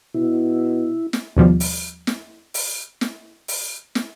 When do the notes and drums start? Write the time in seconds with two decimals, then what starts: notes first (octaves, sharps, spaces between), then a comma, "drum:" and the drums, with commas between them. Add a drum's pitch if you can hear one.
0.14 B2 E4
1.13 drum: snare
1.37 D#2 B2 F3 G3
1.60 drum: open hi-hat
2.07 drum: snare
2.54 drum: open hi-hat
3.01 drum: snare
3.48 drum: open hi-hat
3.95 drum: snare